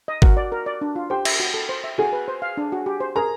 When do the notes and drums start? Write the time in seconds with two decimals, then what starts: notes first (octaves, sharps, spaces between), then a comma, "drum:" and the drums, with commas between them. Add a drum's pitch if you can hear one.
0.08 D#5
0.22 F#4 A#4 F#5, drum: kick G#1
0.37 D5
0.52 A#4
0.66 D5
0.81 D4
0.96 F4
1.10 G4 C5 G5
1.25 E5, drum: cymbal
1.40 F#4
1.54 A4
1.69 C5
1.84 E5
1.98 F#4 G#4 G#5
2.13 B4
2.28 C5
2.42 F5
2.57 D4
2.72 F#4
2.86 G4
3.00 C5
3.16 G#4 A#4 A#5